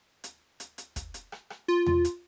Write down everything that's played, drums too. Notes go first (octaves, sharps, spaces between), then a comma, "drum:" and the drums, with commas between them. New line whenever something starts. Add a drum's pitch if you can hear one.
drum: hi-hat
drum: hi-hat
drum: hi-hat
drum: kick, hi-hat
drum: hi-hat
drum: rim click
drum: rim click
F4
drum: tom E2
drum: hi-hat